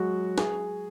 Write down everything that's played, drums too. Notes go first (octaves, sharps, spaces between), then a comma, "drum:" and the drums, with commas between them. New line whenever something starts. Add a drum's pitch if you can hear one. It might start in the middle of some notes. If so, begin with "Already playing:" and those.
Already playing: F#3 G#3 F#4
G#4, drum: snare